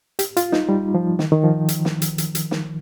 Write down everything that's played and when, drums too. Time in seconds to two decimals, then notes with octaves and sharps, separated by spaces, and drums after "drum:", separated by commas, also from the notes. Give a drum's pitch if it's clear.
0.19 G4, drum: hi-hat
0.37 F4, drum: hi-hat
0.52 D#4, drum: snare
0.69 G3
0.94 F3
1.19 D#3, drum: snare
1.32 D#3
1.44 F3
1.68 drum: hi-hat
1.85 drum: snare
2.02 drum: hi-hat
2.18 drum: hi-hat
2.35 drum: hi-hat
2.51 drum: snare